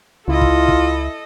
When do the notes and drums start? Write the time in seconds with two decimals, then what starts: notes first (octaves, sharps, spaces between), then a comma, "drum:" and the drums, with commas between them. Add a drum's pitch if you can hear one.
0.28 C#2 E4 F4 A4 D#5
0.41 drum: kick
0.68 drum: kick